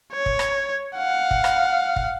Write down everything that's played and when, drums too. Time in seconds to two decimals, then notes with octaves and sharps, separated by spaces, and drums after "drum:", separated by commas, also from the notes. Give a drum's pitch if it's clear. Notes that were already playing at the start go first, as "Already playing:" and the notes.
0.13 C#5
0.26 drum: kick
0.39 drum: rim click
0.97 F5 F#5
1.31 drum: kick
1.44 drum: rim click
1.96 drum: kick